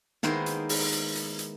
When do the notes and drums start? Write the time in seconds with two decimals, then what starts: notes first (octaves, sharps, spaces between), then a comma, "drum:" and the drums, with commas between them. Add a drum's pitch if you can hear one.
0.23 D#3 G#3 A#3 B3 E4 C5, drum: snare
0.46 drum: hi-hat
0.69 drum: open hi-hat
0.92 drum: hi-hat
1.16 drum: hi-hat
1.39 drum: hi-hat